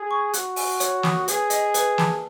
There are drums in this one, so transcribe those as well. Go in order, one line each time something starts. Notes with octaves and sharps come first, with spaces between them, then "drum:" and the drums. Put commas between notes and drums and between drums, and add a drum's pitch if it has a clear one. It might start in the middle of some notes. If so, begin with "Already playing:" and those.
Already playing: G#4
C#6
F#4 F#6, drum: hi-hat
G#5, drum: open hi-hat
C#5, drum: hi-hat
D#6, drum: snare
G#4 B4, drum: hi-hat
D#5, drum: hi-hat
B4, drum: hi-hat
A5, drum: snare